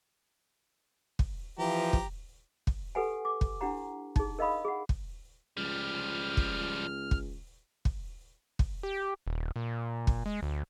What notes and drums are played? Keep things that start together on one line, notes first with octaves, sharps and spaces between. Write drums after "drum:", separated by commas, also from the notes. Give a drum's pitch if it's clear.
drum: kick
E3 F3 G4 A#5
drum: kick
drum: kick
G4 A4 B4 F#5 G#5
D6
drum: kick
D4 E4 G4 F#5 A#5
D#4 G#4, drum: kick
A#4 D#5 F5 B5 D#6
G#4 F#5
drum: kick
C#2 F3 G3 F6
drum: kick
drum: kick
drum: kick
drum: kick
G4
D#1
A#2
drum: kick
G#3
D2